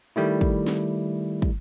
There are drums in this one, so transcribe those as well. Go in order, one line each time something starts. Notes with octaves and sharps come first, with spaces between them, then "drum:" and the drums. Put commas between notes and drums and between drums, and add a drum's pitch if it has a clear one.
D#3 G3 A3 E4
drum: kick
drum: snare
drum: kick